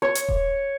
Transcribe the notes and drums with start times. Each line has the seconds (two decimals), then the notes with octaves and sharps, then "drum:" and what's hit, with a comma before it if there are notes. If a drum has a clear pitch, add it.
0.02 C#5
0.15 drum: hi-hat
0.29 drum: kick D#1